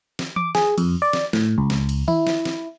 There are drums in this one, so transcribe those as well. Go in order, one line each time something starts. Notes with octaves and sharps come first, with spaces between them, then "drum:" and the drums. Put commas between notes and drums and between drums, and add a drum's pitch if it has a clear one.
drum: snare
D6, drum: tom E3
G#4, drum: snare
F2, drum: cymbal
D5
drum: snare
A2, drum: snare
C#2
drum: snare
drum: cymbal
E4, drum: tom D#3
drum: snare
drum: snare